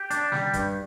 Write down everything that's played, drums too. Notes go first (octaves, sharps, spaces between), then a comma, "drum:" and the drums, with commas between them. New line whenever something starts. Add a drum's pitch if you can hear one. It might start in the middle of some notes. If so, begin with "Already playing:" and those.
Already playing: G4
D4, drum: hi-hat
G3, drum: snare
G2, drum: kick F1, hi-hat